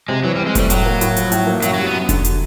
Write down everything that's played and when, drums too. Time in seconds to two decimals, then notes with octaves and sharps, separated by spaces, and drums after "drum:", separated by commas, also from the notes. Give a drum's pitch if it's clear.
0.08 C3 G#3
0.24 E3 F#3
0.36 G3 C4
0.46 G#3
0.55 G3 A3, drum: kick F1, hi-hat
0.70 A2 F#3, drum: hi-hat
0.86 A#3
1.01 A2, drum: hi-hat
1.17 F3, drum: hi-hat
1.32 A2, drum: hi-hat
1.47 A#3
1.62 F#2 F#3, drum: hi-hat
1.74 F#3 G3
1.86 B3
1.93 F#2
2.09 D3, drum: kick F1, hi-hat
2.25 drum: hi-hat